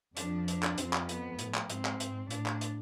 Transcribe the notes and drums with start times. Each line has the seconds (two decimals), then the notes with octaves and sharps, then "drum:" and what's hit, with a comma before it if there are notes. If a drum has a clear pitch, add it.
0.17 F2 F3 D4, drum: hi-hat
0.48 D4, drum: hi-hat
0.63 drum: clap
0.78 F2 F3 C4, drum: hi-hat
0.93 drum: clap
1.09 B3, drum: hi-hat
1.39 A2, drum: hi-hat
1.54 drum: clap
1.70 G#2 C4, drum: hi-hat
1.85 drum: clap
2.00 drum: hi-hat
2.30 A2 D4, drum: hi-hat
2.46 drum: clap
2.61 drum: hi-hat